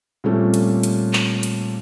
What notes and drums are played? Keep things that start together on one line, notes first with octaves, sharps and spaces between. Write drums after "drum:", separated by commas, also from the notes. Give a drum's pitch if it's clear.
A#2 G3 A3 C4 C#4 A4
drum: hi-hat
drum: hi-hat
drum: clap
drum: hi-hat